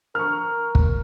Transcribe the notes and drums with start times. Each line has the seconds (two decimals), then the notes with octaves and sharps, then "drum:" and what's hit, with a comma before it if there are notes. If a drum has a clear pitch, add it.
0.15 A#4 C#6 F6
0.75 drum: kick